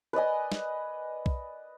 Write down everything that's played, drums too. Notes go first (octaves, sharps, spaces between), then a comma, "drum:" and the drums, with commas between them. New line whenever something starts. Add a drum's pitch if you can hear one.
B4 D5 D#5 G#5
drum: snare
drum: kick